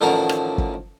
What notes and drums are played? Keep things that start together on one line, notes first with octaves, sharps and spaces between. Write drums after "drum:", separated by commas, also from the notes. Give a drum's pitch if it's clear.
A1 D3 D#3 F3 F#4 A#4
drum: rim click
drum: kick